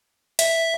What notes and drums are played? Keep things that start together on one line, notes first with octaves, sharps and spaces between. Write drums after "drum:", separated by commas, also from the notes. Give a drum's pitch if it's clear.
E5, drum: hi-hat